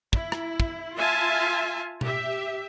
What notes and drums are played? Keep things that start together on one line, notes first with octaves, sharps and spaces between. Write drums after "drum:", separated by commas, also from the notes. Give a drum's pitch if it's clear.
E4, drum: kick
drum: rim click
drum: kick
F4 E5 F5 G#5 A5
G4 E5, drum: tom B2